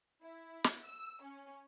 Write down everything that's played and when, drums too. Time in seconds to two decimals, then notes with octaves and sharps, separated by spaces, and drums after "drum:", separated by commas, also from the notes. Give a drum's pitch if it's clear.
0.22 E4
0.64 drum: snare
0.84 E6
1.23 C#4